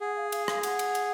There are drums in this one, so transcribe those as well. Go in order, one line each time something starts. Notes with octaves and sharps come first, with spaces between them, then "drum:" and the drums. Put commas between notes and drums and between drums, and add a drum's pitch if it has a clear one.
G#4 F#5
F5
F5, drum: cymbal
F5, drum: rim click
F#5, drum: cymbal
drum: cymbal
drum: cymbal